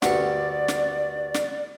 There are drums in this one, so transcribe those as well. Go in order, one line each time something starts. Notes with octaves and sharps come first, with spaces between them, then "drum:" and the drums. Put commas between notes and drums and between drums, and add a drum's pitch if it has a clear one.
D2 G2 D5 F#5 C#6, drum: snare
drum: snare
drum: snare